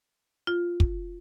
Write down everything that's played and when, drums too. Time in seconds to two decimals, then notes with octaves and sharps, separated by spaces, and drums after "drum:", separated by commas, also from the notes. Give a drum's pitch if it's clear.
0.47 F4
0.80 drum: kick